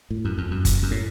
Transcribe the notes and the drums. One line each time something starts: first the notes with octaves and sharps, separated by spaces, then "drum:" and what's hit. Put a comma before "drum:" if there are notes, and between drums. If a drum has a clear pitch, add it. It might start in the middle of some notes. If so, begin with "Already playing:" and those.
A2
F#2
F2
F#2
drum: kick F#1, hi-hat
F#2
A2